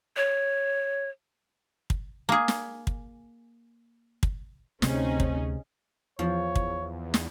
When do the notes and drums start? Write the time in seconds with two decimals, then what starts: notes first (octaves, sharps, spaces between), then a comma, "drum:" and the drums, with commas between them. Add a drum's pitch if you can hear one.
0.16 C#5
1.90 drum: kick
2.29 A#3 G#4
2.48 drum: snare
2.87 drum: kick
4.23 drum: kick
4.82 D2 C3 C4 C#4 D#4 G#4, drum: snare
5.20 drum: kick
6.19 E2 F3 C#5
6.56 drum: kick
7.14 drum: snare